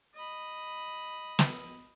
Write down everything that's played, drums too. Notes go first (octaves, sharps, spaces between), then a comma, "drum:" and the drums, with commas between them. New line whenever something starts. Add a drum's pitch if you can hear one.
D#5 B5
drum: snare